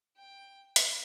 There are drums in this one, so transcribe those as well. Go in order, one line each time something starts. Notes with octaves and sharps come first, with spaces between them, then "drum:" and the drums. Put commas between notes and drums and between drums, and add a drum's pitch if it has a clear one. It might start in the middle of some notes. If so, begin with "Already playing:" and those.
G5
drum: hi-hat